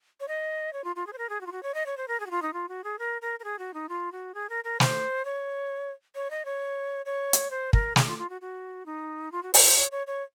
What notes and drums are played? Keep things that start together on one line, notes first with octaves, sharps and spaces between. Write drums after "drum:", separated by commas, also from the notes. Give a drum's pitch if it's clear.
C#5
D#5
C#5
F4
F4
G#4
C5
A#4
G#4
F#4
F4
F#4
C#5
D#5
C#5
C5
A#4
G#4
F#4
F4
D#4
F4
F#4
G#4
A#4
A#4
A#4
G#4
F#4
D#4
F4
F#4
G#4
A#4
A#4
C5, drum: snare
C#5
C#5
D#5
C#5
C#5
drum: hi-hat
C5
A#4, drum: kick
G#4, drum: snare
F4
F4
F#4
F#4
D#4
F4
F#4
C5, drum: open hi-hat
C5
C#5
C#5
C#5